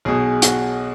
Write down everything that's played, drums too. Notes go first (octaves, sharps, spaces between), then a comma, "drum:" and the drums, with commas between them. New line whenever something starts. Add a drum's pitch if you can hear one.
B1 B2 G#4
F#4, drum: hi-hat